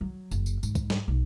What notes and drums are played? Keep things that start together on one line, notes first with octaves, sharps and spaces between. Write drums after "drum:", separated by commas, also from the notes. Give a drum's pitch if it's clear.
F#3
F#1, drum: tambourine
drum: tambourine
G#2, drum: tambourine
drum: kick, tambourine
drum: snare
B1